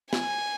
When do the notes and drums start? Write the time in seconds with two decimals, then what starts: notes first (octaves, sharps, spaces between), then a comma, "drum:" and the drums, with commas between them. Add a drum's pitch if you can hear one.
0.13 G#5, drum: snare